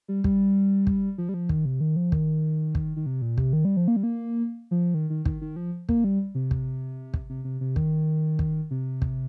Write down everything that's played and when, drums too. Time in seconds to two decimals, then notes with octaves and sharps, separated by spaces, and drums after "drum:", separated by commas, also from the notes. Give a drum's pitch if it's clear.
0.08 G3
0.24 G3, drum: kick
0.87 drum: kick
1.18 F3
1.29 G3
1.34 F3
1.49 D#3, drum: kick
1.65 C3
1.81 D#3
1.96 F3
2.12 D#3, drum: kick
2.75 drum: kick
2.97 D#3
3.06 C3
3.22 A#2
3.38 C3, drum: kick
3.53 D#3
3.65 G3
3.77 F3
3.88 A#3
3.96 G3
4.03 A#3
4.71 F3
4.94 D#3
5.10 D#3
5.25 D#3, drum: kick
5.41 D#3
5.56 F3
5.89 A#3, drum: kick
6.04 G3
6.35 C3
6.51 drum: kick
7.14 drum: kick
7.30 C3
7.45 C3
7.61 C3
7.76 D#3, drum: kick
8.39 drum: kick
8.71 C3
9.02 drum: kick